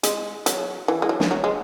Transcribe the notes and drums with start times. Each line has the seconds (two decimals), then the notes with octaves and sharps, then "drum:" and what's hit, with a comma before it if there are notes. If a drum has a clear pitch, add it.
0.03 G#3, drum: hi-hat
0.46 F#3, drum: hi-hat
0.88 E3
1.02 G#3
1.09 F#3
1.20 drum: snare
1.31 F#3
1.44 G#3